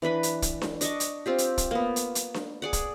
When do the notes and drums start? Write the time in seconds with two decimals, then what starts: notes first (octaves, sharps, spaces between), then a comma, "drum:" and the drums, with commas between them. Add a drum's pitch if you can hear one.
0.02 E3 D4 B4 B5
0.23 drum: hi-hat
0.42 drum: kick, hi-hat
0.62 drum: snare D4
0.81 D4 D#5 C#6 D6, drum: hi-hat
1.00 drum: hi-hat
1.26 C4 F4 G4
1.38 drum: hi-hat
1.58 drum: kick, hi-hat
1.71 A#3 B3
1.96 drum: hi-hat
2.15 drum: hi-hat
2.34 drum: snare D4
2.62 G#4 D5 F#5
2.73 drum: kick, hi-hat